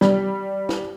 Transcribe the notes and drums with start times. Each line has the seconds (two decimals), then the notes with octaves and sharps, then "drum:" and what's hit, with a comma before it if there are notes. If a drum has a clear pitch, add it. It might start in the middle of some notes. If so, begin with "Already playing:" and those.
0.01 G3, drum: snare
0.69 drum: snare